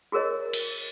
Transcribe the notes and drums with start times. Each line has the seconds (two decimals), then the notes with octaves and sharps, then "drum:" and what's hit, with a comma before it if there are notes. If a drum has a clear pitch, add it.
0.12 F#4 G#4 A#4 C#5 D#5
0.53 drum: cymbal